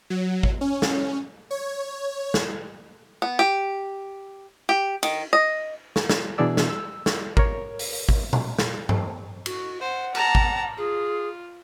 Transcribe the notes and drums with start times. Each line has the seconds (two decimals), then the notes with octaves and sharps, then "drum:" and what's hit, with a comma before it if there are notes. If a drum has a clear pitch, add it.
0.10 F#3
0.43 drum: kick G#1
0.61 C#4
0.82 drum: snare
1.51 C#5
2.34 drum: snare
3.22 B3
3.39 G4
4.69 G4
5.03 D#3, drum: cymbal
5.33 D#5
5.96 drum: snare
6.09 drum: snare
6.38 B2 E3 D4 G#4 D5 E6
6.57 drum: snare
6.70 E6
7.06 drum: snare
7.37 A#4 C#5, drum: kick G#1
7.79 drum: open hi-hat
8.09 drum: kick G#1
8.33 drum: tom A#2
8.58 drum: snare
8.89 drum: tom G2
9.46 F#4, drum: cymbal
9.81 C5 F#5
10.15 A5 A#5, drum: cymbal
10.35 drum: kick G#1
10.77 F4 G#4